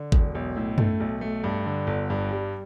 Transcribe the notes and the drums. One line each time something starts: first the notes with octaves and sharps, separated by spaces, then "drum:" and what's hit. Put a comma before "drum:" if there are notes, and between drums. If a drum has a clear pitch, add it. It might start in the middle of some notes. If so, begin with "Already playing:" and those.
Already playing: D3
E1, drum: kick G#1
B1
A2
A3, drum: tom
B1
A3
G2
D3
G1
G2
G3